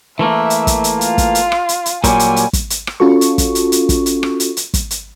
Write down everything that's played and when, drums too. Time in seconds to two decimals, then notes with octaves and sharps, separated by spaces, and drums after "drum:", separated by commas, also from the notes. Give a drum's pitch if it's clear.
0.19 E3 A3 A#3 E5
0.50 drum: hi-hat
0.67 drum: kick, hi-hat
0.84 drum: hi-hat
1.01 F4, drum: hi-hat
1.18 drum: kick, hi-hat
1.35 drum: hi-hat
1.52 drum: rim click
1.69 drum: hi-hat
1.86 drum: hi-hat
2.04 A#2 F#3 G3 G#5, drum: kick, hi-hat
2.19 drum: hi-hat
2.36 drum: hi-hat
2.53 drum: kick, hi-hat
2.70 drum: hi-hat
2.87 drum: rim click
3.00 C#4 F4 F#4 A4 C#6
3.21 drum: hi-hat
3.38 drum: kick, hi-hat
3.55 drum: hi-hat
3.72 drum: hi-hat
3.89 drum: kick, hi-hat
4.06 drum: hi-hat
4.23 drum: rim click
4.40 drum: hi-hat
4.57 drum: hi-hat
4.74 drum: kick, hi-hat
4.91 drum: hi-hat